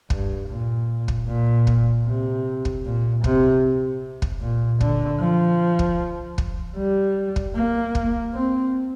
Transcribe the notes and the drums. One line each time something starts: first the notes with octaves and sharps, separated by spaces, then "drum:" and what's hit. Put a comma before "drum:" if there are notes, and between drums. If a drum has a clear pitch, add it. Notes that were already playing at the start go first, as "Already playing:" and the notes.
G2, drum: kick
A#2
drum: kick
A#2
drum: kick
C3
drum: kick
A#2
C3, drum: kick
drum: kick
A#2
D3, drum: kick
F3
drum: kick
drum: kick
G3
drum: kick
A#3
drum: kick
C4